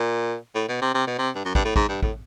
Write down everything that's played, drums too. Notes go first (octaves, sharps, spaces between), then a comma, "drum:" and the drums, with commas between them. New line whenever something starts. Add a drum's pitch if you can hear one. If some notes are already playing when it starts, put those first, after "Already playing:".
Already playing: A#2
A2
B2
C3
C3
B2
C3
G2
F#2
G2, drum: kick
A2
G#2, drum: kick
G2
A2, drum: kick